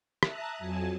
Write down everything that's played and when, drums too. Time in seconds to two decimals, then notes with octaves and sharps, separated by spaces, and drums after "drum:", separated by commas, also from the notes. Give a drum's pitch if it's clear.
0.23 E5 A5 A#5 D#6 F#6, drum: rim click
0.58 F2 F#3 G#5 A5